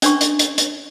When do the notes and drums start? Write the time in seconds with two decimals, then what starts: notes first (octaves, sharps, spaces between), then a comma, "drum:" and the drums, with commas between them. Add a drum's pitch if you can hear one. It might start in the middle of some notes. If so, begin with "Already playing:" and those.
0.02 C#4 D4 B4 C#6, drum: hi-hat
0.21 drum: hi-hat
0.39 drum: hi-hat
0.58 drum: hi-hat